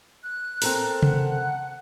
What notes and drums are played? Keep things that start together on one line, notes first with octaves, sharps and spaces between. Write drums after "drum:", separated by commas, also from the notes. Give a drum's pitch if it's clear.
F#6
C4 A4 A#4, drum: open hi-hat
F#5 F#6, drum: tom C3